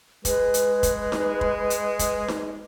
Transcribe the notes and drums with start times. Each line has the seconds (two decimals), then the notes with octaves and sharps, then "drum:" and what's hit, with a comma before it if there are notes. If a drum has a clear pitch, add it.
0.25 G#3 B4, drum: kick, hi-hat
0.54 drum: hi-hat
0.83 drum: kick, hi-hat
1.12 drum: snare D#4
1.41 drum: kick
1.70 drum: hi-hat
1.99 drum: kick, hi-hat
2.28 drum: snare D#4